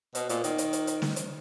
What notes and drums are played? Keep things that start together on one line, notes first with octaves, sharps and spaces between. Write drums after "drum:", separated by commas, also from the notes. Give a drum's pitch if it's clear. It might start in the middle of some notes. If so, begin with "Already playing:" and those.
B2, drum: hi-hat
A#2, drum: hi-hat
D#3, drum: hi-hat
drum: hi-hat
drum: hi-hat
drum: hi-hat
drum: snare
drum: hi-hat